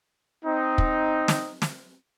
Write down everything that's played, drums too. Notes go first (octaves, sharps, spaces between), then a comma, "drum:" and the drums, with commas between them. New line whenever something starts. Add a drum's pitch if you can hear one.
C4 D#4
drum: kick
drum: snare
drum: snare